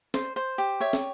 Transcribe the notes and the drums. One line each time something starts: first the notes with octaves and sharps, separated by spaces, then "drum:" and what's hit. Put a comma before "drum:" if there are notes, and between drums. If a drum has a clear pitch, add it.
C5, drum: snare
C5
G4
C#5 E5
drum: snare